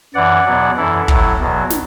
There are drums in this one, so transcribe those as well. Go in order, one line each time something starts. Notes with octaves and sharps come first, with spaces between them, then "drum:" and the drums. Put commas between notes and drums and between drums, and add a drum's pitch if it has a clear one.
F#2 E3 D5 F#5
E2 B2 F#3
F#2 E3 E4 A4
A2 F#3, drum: kick
E2 B2 F#3
drum: snare